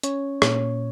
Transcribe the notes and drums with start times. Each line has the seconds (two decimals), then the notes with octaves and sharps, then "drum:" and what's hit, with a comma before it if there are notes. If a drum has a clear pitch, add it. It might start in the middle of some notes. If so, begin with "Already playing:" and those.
0.03 C#4 C#5, drum: hi-hat
0.42 A#2 C#5, drum: rim click